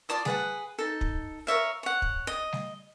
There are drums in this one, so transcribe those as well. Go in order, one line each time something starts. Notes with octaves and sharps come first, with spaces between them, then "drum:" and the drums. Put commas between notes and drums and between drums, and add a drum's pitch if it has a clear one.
F4 D5 A5 D#6
G#4 B4 F#5, drum: snare G3
D#4 A4
drum: kick
A#4 C#5 E5 F5
C#5 F#5
drum: kick
D#5
drum: snare G3